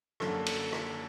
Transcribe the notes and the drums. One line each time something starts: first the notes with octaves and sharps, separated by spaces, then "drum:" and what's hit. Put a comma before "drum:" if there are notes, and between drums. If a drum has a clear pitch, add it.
F#2 D3 F#3 A#3 A4, drum: rim click
drum: cymbal
drum: rim click